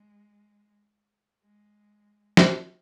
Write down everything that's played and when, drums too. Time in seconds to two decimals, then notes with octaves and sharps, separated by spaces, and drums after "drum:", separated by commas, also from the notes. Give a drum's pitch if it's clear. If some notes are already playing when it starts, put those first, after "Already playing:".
Already playing: G#3
1.42 G#3
2.37 drum: snare